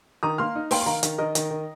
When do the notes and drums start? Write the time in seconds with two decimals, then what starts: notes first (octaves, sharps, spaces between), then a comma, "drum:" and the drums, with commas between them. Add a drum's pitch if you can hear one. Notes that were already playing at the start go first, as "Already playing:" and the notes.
0.23 D#3 A#5 D#6
0.38 A#3 C6 F6
0.55 D#4
0.71 A#3 G5 C6, drum: open hi-hat
0.81 C6
0.86 D#3 F5 A#5
1.03 D#3, drum: hi-hat
1.18 D#3 A#4 D#5
1.35 D#3, drum: hi-hat
1.51 D#3